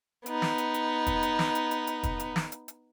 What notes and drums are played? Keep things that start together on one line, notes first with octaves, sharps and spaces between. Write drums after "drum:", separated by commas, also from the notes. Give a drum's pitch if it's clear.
B3 D#4, drum: hi-hat
drum: snare
drum: hi-hat
drum: hi-hat
drum: kick, hi-hat
drum: hi-hat
drum: snare
drum: hi-hat
drum: hi-hat
drum: hi-hat
drum: kick, hi-hat
drum: hi-hat
drum: snare
drum: hi-hat
drum: hi-hat